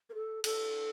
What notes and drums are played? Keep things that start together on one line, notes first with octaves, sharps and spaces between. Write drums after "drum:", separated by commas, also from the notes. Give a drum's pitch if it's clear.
A#4
A4
A4, drum: cymbal